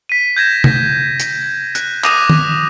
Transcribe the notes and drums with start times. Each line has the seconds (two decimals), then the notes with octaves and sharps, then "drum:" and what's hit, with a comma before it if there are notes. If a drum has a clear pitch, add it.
0.09 B6 D#7
0.37 G6 G#6 A#6 E7
0.64 B6, drum: tom C3
1.20 drum: hi-hat
1.75 F#6, drum: hi-hat
2.04 D6 D#6 A#6 D#7 F7, drum: clap
2.30 drum: tom